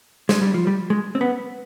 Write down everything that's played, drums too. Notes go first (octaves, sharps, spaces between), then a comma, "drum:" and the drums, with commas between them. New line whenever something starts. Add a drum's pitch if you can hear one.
G#3, drum: snare
G3
F3
G3
G#3
C4
B3